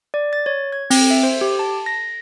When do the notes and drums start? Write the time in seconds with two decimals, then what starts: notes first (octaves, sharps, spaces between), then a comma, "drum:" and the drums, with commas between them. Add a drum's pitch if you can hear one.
0.14 D5
0.33 A6
0.46 C#5
0.73 G#6
0.90 C4, drum: open hi-hat
1.11 E5
1.23 C5
1.41 G4
1.59 A5
1.86 A#6